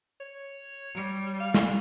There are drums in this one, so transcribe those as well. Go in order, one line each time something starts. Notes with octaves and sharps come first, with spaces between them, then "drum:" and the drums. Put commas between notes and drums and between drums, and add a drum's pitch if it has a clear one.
C#5
G3
F5
drum: snare